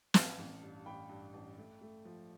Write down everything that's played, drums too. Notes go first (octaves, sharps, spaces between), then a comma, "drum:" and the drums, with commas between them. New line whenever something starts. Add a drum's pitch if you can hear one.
A1 F5 A5, drum: snare
A1
G2
A1 G5 B5
G2
A1
A3
A3
F3